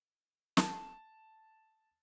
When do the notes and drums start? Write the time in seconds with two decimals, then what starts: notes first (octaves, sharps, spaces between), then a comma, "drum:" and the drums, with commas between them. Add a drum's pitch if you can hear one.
0.57 A5, drum: snare